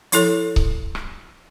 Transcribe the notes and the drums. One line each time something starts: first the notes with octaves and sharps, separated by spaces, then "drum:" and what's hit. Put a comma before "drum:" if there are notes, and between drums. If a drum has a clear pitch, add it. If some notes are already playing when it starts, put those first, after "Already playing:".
F3 E4 A4 C#5, drum: hi-hat
drum: kick C#1
drum: rim click